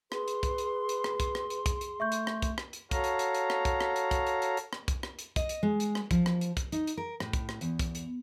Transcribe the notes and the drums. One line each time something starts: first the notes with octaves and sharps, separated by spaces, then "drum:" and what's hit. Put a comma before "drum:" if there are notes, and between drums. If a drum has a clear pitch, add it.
G#4 B4 C6, drum: rim click
drum: hi-hat
drum: kick, hi-hat
drum: hi-hat
drum: hi-hat
drum: rim click
drum: kick, hi-hat
drum: rim click
drum: hi-hat
drum: kick, hi-hat
drum: hi-hat
A3 E5 C#6 G6
drum: hi-hat
drum: rim click
drum: kick, hi-hat
drum: rim click
drum: hi-hat
F#4 A4 C#5 F5 A#5, drum: kick, hi-hat
drum: hi-hat
drum: hi-hat
drum: hi-hat
drum: rim click
drum: kick, hi-hat
drum: rim click
drum: hi-hat
drum: kick, hi-hat
drum: hi-hat
drum: hi-hat
drum: hi-hat
drum: rim click
drum: kick, hi-hat
drum: rim click
drum: hi-hat
D#5, drum: kick, hi-hat
drum: hi-hat
G#3
drum: hi-hat
drum: rim click
F3, drum: kick, hi-hat
drum: rim click
drum: hi-hat
drum: kick, hi-hat
D#4, drum: hi-hat
drum: hi-hat
A#4
A2, drum: rim click
drum: kick, hi-hat
drum: rim click
E2, drum: hi-hat
drum: kick, hi-hat
drum: hi-hat